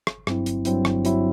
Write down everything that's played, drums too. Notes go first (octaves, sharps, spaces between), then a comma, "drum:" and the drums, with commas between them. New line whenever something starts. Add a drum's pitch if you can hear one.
G1, drum: rim click
G2 F#3 C4 E4, drum: rim click
G1, drum: hi-hat
G2 F#3 C4 E4, drum: hi-hat
G1, drum: rim click
G2 F#3 C4 E4, drum: hi-hat